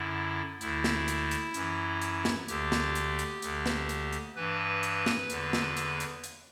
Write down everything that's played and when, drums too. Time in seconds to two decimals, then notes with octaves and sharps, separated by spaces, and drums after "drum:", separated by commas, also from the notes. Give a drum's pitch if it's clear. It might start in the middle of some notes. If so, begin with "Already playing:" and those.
Already playing: F#2 D3 E4
0.61 D2 D3 E4, drum: hi-hat
0.84 drum: snare
1.08 drum: hi-hat
1.31 drum: hi-hat
1.54 F#2 E3, drum: hi-hat
2.02 drum: hi-hat
2.25 drum: snare
2.48 D2 D3 G4, drum: hi-hat
2.72 drum: snare
2.95 drum: hi-hat
3.19 drum: hi-hat
3.42 D2 D3, drum: hi-hat
3.66 drum: snare
3.89 drum: hi-hat
4.13 drum: hi-hat
4.36 G2 E3 B4
4.83 drum: hi-hat
5.06 drum: snare
5.30 E2 D3, drum: hi-hat
5.53 drum: snare
5.77 drum: hi-hat
6.00 drum: hi-hat
6.24 drum: hi-hat